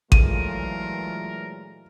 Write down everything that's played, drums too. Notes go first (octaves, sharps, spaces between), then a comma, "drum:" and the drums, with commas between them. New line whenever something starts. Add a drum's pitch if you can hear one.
A#2 E3 F#3 G#3 A3 F4 A#4 D#7, drum: kick A1